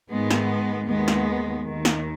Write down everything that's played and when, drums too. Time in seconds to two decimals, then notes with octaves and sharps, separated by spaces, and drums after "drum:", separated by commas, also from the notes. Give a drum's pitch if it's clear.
0.11 G#2 D#3 G#3 B3
0.31 drum: snare
0.88 D#2 D#3 G#3 B3
1.08 drum: snare
1.66 D#2 D#3
1.85 drum: snare